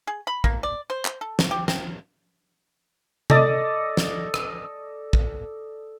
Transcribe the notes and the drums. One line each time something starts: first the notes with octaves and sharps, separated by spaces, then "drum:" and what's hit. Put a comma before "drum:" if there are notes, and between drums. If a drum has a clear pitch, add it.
G#4
B5
A#3, drum: kick
D5
C5
drum: clap
A4
drum: snare
G4
C4, drum: snare
A4 D5 D#5, drum: tom C3
drum: snare
drum: rim click
drum: kick